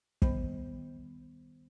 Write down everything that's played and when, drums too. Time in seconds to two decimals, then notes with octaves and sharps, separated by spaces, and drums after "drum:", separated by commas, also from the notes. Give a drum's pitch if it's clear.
0.22 D#3 G3 B3 C5, drum: kick